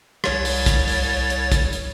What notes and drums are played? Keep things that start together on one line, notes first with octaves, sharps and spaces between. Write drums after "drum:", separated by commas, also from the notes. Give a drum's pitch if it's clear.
C2 C#5 A6, drum: rim click
drum: open hi-hat
drum: kick, hi-hat
drum: open hi-hat
drum: hi-hat
drum: kick, hi-hat
drum: hi-hat